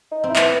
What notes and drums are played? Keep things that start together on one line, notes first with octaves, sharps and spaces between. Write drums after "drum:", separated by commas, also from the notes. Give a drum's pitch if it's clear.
D#4
C4
E4
B3, drum: clap